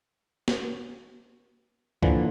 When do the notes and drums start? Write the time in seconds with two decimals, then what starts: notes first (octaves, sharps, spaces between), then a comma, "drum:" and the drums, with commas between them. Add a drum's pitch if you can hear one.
0.48 drum: snare
2.02 A#2 D3 E3 F3 D4, drum: kick C#2